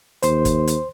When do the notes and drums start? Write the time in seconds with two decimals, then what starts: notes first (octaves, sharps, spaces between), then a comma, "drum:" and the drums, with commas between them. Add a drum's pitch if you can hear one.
0.23 D#2 C5 C6, drum: hi-hat
0.45 drum: kick G1, hi-hat
0.67 drum: hi-hat